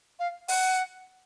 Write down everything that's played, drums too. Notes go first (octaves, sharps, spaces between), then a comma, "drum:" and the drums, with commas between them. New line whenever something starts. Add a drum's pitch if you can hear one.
F5
F#5, drum: open hi-hat